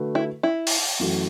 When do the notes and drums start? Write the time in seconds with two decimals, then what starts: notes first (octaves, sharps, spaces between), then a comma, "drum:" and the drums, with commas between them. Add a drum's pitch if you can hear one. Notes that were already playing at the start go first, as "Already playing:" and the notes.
Already playing: D3 A3 F#4 B4
0.15 E4
0.43 E4
0.67 drum: open hi-hat
1.00 F#2 E3 A3 F#4